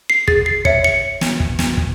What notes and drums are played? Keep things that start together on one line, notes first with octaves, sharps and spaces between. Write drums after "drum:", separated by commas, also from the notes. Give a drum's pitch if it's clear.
C7
G#4 A6, drum: kick
C7
C#5 E5 C#7, drum: kick
C#7
drum: snare
drum: kick
drum: snare
drum: kick